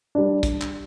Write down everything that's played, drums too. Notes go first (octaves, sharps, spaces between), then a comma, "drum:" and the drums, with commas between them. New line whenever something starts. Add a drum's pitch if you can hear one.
G3 D4
drum: kick, hi-hat
drum: clap